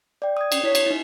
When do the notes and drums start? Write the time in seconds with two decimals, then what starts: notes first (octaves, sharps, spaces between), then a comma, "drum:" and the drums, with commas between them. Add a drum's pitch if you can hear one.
0.22 D5 G5
0.37 D#6 G#6
0.52 C#4, drum: cymbal
0.63 E4 C#5 B6
0.75 drum: cymbal
0.86 D#4 E4